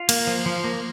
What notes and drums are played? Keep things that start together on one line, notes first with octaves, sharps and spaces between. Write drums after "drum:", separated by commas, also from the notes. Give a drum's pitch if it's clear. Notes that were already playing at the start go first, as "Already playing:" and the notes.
Already playing: F4
A#3, drum: cymbal
F3
F3
A#3